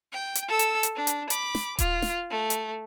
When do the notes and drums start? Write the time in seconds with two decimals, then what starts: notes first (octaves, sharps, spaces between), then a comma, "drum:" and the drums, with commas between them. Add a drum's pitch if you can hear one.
0.13 G5
0.35 drum: hi-hat
0.48 A4 E6
0.59 drum: hi-hat
0.83 drum: hi-hat
0.96 D4
1.07 drum: hi-hat
1.30 B5 D6, drum: hi-hat
1.55 drum: snare
1.79 F4, drum: kick D#1, hi-hat
2.02 drum: snare
2.30 A3
2.50 drum: hi-hat